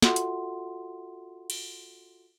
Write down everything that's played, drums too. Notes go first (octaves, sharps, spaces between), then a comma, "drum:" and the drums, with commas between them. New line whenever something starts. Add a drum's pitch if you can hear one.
F4 F#4 A4 E5 F#5 C6, drum: snare
drum: hi-hat
drum: cymbal